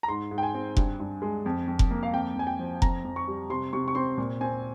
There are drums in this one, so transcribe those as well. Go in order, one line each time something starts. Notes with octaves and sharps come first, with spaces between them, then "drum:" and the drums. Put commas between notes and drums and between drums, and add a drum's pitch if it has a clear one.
A#5
G#2 C6
G#2
G5
G#5
C4
G2, drum: kick F1
G2
G#3
F2
F2
drum: kick F1
A#3
F5
F2 G5
F2 G#5
G5
F3
F2 A#5, drum: kick F1
F2
C#6
G3
C3 C6
C3 C#6
C#6
C4 C6
A#2
C4 G#5